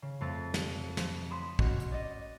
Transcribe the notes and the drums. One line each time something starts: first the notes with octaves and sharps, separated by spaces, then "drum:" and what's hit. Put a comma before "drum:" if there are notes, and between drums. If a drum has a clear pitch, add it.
C#3
F2 A3 A6
drum: snare
F3, drum: snare
B5 C6 D#6 E7
C#4 F#4 D#5, drum: kick
drum: hi-hat
D5 D#5